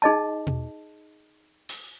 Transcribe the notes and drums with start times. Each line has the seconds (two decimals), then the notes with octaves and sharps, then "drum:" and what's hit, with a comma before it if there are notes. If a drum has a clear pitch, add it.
0.02 D#4 G#4 D#5 A5
0.47 drum: tom B2
1.69 drum: open hi-hat